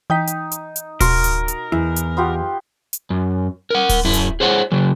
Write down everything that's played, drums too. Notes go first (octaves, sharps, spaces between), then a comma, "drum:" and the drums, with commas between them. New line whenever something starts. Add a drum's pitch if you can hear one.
E3 D#4 G5 B6
drum: hi-hat
drum: hi-hat
drum: hi-hat
B2 F#4 A#4 C6, drum: kick D1, open hi-hat
drum: hi-hat
drum: hi-hat
E2 E4
drum: hi-hat
B3 F4 G4
drum: hi-hat
F#2
A#4 F#5
drum: kick D1, open hi-hat
F#2 E4
drum: hi-hat
G#4 C5 C#5 F#5
C#3 F#3